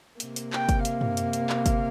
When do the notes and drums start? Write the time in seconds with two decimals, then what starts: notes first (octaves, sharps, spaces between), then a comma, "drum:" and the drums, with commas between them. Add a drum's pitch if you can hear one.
0.20 C3 A#3, drum: hi-hat
0.36 drum: hi-hat
0.53 G5, drum: clap
0.69 drum: kick, hi-hat
0.85 F5, drum: hi-hat
1.01 drum: tom
1.17 drum: hi-hat
1.33 drum: hi-hat
1.49 drum: clap
1.66 drum: kick, hi-hat